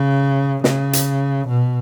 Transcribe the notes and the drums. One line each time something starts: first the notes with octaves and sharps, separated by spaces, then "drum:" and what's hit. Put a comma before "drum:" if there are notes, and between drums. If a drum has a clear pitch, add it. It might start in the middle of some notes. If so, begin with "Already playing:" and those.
Already playing: C#3
C#3, drum: snare
drum: hi-hat
B2